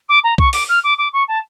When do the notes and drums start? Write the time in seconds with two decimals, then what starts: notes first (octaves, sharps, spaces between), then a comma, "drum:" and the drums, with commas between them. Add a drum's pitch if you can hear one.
0.08 D6
0.23 A#5
0.38 C#6, drum: kick C2
0.53 D6, drum: open hi-hat
0.68 F6
0.83 D6
0.98 D6
1.13 C#6
1.28 A5